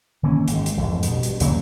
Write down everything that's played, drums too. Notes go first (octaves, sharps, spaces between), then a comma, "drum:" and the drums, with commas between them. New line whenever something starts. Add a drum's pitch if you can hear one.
D#3 E3 A#3 C#4
G#1 G#3, drum: hi-hat
drum: hi-hat
A1 F2 G#2
G2 B2, drum: hi-hat
G2, drum: hi-hat
D#2 C#3 F#3 A#3, drum: hi-hat